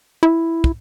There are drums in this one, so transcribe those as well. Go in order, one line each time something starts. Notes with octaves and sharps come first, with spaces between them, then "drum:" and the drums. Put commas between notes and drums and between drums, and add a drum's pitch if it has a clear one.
E4
drum: kick